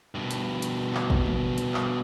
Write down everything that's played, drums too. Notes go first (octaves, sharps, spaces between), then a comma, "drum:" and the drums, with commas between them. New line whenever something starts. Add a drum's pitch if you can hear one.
G2 B2
drum: hi-hat
drum: hi-hat
drum: clap
drum: kick
drum: tom
drum: hi-hat
drum: clap